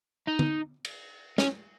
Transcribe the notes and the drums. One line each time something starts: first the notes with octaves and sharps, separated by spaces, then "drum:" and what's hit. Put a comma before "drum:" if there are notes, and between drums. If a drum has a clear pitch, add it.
D#4
drum: tom
drum: cymbal
C#4, drum: snare